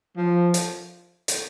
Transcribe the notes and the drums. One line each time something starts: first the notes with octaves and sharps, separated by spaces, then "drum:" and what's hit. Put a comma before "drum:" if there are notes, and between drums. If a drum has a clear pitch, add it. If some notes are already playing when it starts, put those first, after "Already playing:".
F3
drum: hi-hat
drum: hi-hat